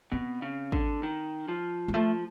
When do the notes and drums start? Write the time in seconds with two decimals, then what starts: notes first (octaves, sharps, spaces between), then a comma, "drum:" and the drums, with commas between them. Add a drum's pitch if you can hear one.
0.12 B2 C4
0.42 C#3
0.72 D3, drum: kick
1.03 D#3
1.48 F3
1.88 G#3
1.94 F3 A3